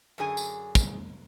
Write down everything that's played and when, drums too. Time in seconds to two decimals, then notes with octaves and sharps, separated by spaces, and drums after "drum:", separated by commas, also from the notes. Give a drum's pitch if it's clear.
0.18 F#2 D3 G#4 G#5
0.37 drum: tambourine
0.75 drum: kick, tambourine